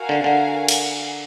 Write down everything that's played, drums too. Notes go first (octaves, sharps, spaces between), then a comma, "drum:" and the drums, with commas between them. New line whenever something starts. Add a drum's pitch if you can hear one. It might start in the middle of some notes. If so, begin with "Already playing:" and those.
Already playing: F#4 A#4 F5 G#5
D3
D3
drum: cymbal